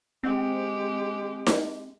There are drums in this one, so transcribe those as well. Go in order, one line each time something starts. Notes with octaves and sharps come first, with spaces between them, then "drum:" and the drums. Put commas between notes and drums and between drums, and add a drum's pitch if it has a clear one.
G#3 C4 G4
drum: snare D#4